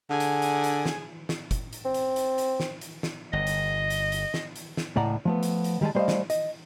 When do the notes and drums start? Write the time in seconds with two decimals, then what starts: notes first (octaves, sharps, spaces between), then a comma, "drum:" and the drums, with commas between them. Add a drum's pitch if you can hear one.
0.10 D3 G#4 G#5
0.20 drum: hi-hat
0.42 drum: hi-hat
0.64 drum: hi-hat
0.86 drum: snare
1.29 drum: snare
1.51 drum: kick, hi-hat
1.73 drum: hi-hat
1.85 C4
1.94 drum: hi-hat
2.16 drum: hi-hat
2.38 drum: hi-hat
2.60 drum: snare
2.81 drum: hi-hat
3.03 drum: snare
3.33 G1 D#5
3.47 drum: hi-hat
3.90 drum: hi-hat
4.12 drum: hi-hat
4.34 drum: snare
4.56 drum: hi-hat
4.77 drum: snare
4.96 C#2 A2 D5 F#5 A#5
5.25 F3 A3 B3
5.43 drum: hi-hat
5.64 drum: hi-hat
5.81 D#3 G3 G#3 G#5 A5
5.95 G3 A3 C5 D5 D#5 F5
6.08 drum: snare
6.30 D#5, drum: hi-hat